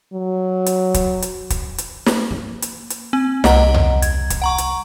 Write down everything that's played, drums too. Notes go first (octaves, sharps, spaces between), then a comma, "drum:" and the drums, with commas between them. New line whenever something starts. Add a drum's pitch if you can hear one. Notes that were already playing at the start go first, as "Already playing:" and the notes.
F#3
drum: hi-hat
drum: kick, hi-hat
drum: hi-hat
drum: kick, hi-hat
drum: hi-hat
drum: snare
A#3
drum: hi-hat
drum: hi-hat
C4
C2 D#5 F#5 A#5, drum: snare
drum: tom D#2
G#6, drum: hi-hat
drum: kick, hi-hat
F#5 A#5 C#6
drum: hi-hat